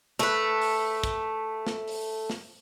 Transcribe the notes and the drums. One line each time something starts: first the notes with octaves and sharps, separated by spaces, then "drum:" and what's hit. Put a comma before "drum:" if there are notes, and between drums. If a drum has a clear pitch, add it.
A3 B4, drum: snare
drum: open hi-hat
drum: kick, hi-hat
drum: snare
drum: open hi-hat
drum: snare